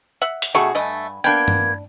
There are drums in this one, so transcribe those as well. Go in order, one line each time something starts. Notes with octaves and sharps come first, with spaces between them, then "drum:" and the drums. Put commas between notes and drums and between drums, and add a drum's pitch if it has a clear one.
E5 F#5
drum: hi-hat
B2 G3 A3 F#4 G#4 C#6
G2 A3 D#5 G#5
A#3 B3 D4 G5 G#6
drum: tom G2